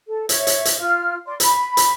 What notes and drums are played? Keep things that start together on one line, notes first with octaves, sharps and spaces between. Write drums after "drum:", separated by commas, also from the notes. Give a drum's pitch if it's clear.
A4
C#5 E5, drum: hi-hat
drum: hi-hat
drum: hi-hat
F4 F6
D5 C6
B5, drum: hi-hat
drum: hi-hat